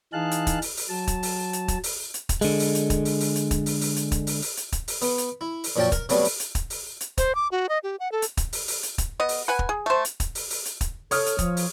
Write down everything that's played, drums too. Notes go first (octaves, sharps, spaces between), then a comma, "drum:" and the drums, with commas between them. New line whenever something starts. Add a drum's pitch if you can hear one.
E3 D#4 G#4 F5 A5 F#6
drum: hi-hat
drum: kick, hi-hat
drum: open hi-hat
drum: open hi-hat
F#3 A5
drum: kick, hi-hat
drum: open hi-hat
drum: hi-hat
drum: kick, hi-hat
drum: open hi-hat
drum: hi-hat
drum: kick, hi-hat
D3 G#3, drum: open hi-hat
drum: open hi-hat
drum: hi-hat
drum: kick, hi-hat
drum: open hi-hat
drum: open hi-hat
drum: hi-hat
drum: kick, hi-hat
drum: open hi-hat
drum: open hi-hat
drum: hi-hat
drum: kick, hi-hat
drum: open hi-hat
drum: open hi-hat
drum: hi-hat
drum: kick, hi-hat
drum: open hi-hat
B3, drum: open hi-hat
drum: hi-hat
E4
drum: open hi-hat
F#2 A#2 F3 C#5 G5 A5
A#4, drum: kick, hi-hat
C3 F#3 G3 A3 B3, drum: open hi-hat
drum: open hi-hat
drum: hi-hat
drum: kick, hi-hat
drum: open hi-hat
drum: hi-hat
C5, drum: kick, hi-hat
D6
F#4
D#5
G4
F#5
A4
drum: hi-hat
drum: kick, hi-hat
drum: open hi-hat
drum: open hi-hat
drum: hi-hat
drum: kick, hi-hat
B3 D#5
drum: open hi-hat
B4 F#5 G#5
drum: kick
G#4
A3 C5
drum: hi-hat
drum: kick, hi-hat
drum: open hi-hat
drum: open hi-hat
drum: hi-hat
drum: kick, hi-hat
A4 C#5 D#6 F6, drum: open hi-hat
drum: hi-hat
F3, drum: kick, hi-hat
drum: open hi-hat